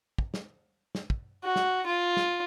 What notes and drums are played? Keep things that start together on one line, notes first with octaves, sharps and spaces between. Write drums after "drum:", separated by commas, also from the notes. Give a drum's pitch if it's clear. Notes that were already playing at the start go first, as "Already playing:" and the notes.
drum: kick
drum: snare
drum: snare
drum: kick
F#4
drum: snare
F4
drum: snare